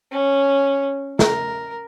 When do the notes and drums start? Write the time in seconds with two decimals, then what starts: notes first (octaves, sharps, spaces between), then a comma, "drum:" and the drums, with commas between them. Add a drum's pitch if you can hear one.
0.11 C#4
1.19 A#4, drum: snare